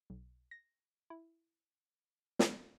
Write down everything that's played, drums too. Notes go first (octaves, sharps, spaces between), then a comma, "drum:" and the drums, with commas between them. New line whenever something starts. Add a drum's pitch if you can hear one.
B1
A#6
E4
drum: snare